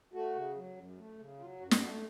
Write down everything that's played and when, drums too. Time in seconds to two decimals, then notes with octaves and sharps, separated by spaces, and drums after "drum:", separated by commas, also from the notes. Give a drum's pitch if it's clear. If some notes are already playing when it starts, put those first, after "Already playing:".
0.14 A3 F#4
0.36 C#3
0.56 F#3
0.76 F#2
0.98 A3
1.19 C#3
1.40 F#3 F4
1.60 F#2 F#4
1.71 drum: snare
1.82 A3 F#4